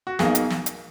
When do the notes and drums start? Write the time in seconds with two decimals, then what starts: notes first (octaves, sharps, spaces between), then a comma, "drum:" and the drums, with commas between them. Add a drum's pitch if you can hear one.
0.07 F#4
0.19 B1 B2 A#3 D#4 G#4, drum: snare
0.35 drum: hi-hat
0.50 drum: snare
0.66 drum: hi-hat